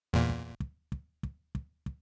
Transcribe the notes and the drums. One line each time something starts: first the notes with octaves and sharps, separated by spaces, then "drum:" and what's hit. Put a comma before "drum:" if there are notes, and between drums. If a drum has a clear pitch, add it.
E2 A#2
drum: kick
drum: kick
drum: kick
drum: kick
drum: kick
drum: kick